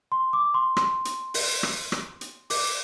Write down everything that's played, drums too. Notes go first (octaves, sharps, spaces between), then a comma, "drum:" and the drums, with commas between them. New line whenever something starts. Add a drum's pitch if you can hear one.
C6
D6
C6
C6, drum: rim click
drum: hi-hat
drum: open hi-hat
drum: rim click
drum: rim click
drum: hi-hat
D6, drum: open hi-hat